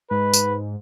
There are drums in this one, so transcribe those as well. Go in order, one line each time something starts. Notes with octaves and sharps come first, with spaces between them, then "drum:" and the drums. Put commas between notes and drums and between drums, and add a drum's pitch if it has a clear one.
G#2 B4
drum: tambourine